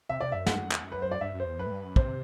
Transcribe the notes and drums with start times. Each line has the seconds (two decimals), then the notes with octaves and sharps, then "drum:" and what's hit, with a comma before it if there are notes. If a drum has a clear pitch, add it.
0.09 C3 E5
0.21 C3 D5
0.32 F#2 E5
0.46 G2 F#5, drum: snare
0.59 F#2
0.71 E2, drum: clap
0.84 F#2
0.92 B4
1.02 C5
1.11 D5
1.21 G2 E5
1.34 F#2
1.40 C5
1.46 E2
1.59 F#2 B4
1.66 A2
1.71 G2
1.84 F#2
1.96 C3 C5, drum: kick